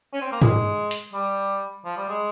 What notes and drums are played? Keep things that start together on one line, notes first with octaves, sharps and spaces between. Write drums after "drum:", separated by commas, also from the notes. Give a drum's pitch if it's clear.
C#4
C4
A#3
G#3, drum: tom
drum: hi-hat
G3
F3
G3
G#3